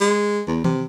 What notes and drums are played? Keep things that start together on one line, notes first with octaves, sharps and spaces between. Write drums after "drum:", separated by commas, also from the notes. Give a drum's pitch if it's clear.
G#3
E2
C3, drum: tom D#3